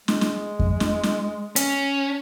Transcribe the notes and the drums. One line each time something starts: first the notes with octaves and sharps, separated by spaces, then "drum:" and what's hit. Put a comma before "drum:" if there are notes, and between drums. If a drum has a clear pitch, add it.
G#3, drum: snare
drum: snare
drum: kick F2
drum: snare
drum: snare
C#4, drum: hi-hat